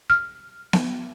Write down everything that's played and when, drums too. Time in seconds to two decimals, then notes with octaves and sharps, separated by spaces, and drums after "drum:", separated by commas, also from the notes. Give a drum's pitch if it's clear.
0.10 F6
0.73 drum: snare B3